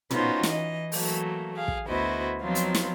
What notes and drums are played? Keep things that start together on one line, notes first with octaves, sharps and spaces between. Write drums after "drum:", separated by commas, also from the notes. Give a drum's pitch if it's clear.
B3 C#4 D#4 F4 F#4 C5, drum: tom
E3 D#5, drum: snare
E3 F#3 A3 A#3, drum: open hi-hat
G#4 F5
drum: kick
D2 B3 E4 F#4 C5 D#5
F3 F#3 B3 C4 D#4 F4
drum: hi-hat
drum: snare